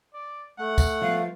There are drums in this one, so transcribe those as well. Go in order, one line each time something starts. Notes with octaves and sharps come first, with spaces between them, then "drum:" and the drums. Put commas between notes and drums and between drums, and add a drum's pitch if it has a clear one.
D5
A3 F#5
drum: kick, tambourine
F3 B3 F5